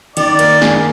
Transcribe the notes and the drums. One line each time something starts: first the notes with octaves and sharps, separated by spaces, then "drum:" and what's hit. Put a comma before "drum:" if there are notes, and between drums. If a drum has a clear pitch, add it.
D#3 D5, drum: cymbal
A#3, drum: cymbal
G#4, drum: snare